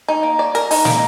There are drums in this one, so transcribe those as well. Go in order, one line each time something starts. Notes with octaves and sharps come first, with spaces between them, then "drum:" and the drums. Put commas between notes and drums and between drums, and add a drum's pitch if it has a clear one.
D#4
A#3
D5
A#4, drum: hi-hat
D#4, drum: open hi-hat
A#3, drum: snare